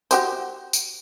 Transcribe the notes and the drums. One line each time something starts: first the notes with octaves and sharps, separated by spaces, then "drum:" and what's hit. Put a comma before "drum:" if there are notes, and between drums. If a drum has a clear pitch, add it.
F#4 G4 C5, drum: tambourine
drum: tambourine